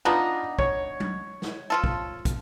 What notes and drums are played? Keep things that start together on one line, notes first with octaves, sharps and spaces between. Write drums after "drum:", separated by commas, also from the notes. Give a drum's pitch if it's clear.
B3 D4 D#4 F4 A#5
C#5, drum: kick
drum: tom F#3
drum: snare
F3 F4 A4
drum: kick
drum: kick, hi-hat